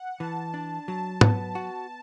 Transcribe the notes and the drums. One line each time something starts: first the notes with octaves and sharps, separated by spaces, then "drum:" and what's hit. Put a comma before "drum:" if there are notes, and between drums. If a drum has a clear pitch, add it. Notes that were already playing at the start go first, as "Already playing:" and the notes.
Already playing: F#5
E3 A5
D4
F#3 A5
B3, drum: tom
F#4